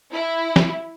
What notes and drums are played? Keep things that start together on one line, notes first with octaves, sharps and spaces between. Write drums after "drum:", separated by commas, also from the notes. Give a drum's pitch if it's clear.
E4
drum: snare